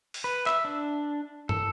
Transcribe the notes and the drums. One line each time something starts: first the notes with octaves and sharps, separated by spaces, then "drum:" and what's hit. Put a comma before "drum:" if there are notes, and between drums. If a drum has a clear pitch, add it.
drum: open hi-hat
B4
E5, drum: clap
D4
A4, drum: tom